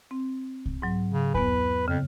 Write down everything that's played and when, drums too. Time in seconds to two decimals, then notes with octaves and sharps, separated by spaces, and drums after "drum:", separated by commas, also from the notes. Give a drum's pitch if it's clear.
0.11 C4
0.66 drum: kick C2
0.82 G#2 F#3
1.11 C#3
1.35 E2 B3 B4, drum: kick C2
1.88 F2 C#3